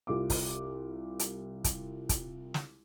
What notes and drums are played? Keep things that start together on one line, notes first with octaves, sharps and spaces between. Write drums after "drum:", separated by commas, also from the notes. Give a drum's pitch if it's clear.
C2 F4 D6
drum: kick, open hi-hat
drum: hi-hat
drum: kick, hi-hat
drum: kick, hi-hat
drum: snare